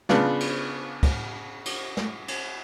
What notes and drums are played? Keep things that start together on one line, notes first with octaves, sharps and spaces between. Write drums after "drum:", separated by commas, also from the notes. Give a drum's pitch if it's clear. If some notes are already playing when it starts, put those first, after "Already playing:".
C#3 B3 D4 F4, drum: snare
drum: cymbal
drum: kick, cymbal
drum: cymbal
drum: snare
drum: cymbal